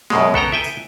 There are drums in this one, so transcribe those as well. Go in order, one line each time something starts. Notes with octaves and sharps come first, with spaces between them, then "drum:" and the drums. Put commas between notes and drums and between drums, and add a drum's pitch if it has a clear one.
F#2 B2 G#3, drum: snare
B3 A4 G5 A#5, drum: kick
E5 G5 G#5
drum: tambourine